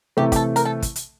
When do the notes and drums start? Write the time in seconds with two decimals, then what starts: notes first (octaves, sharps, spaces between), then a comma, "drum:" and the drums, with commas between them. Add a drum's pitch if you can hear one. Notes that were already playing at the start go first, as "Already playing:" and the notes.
0.17 C3 E3 A3 E4 G4
0.32 G4, drum: kick, hi-hat
0.36 A4
0.56 A#4, drum: hi-hat
0.65 A4
0.82 drum: kick, hi-hat
0.96 drum: hi-hat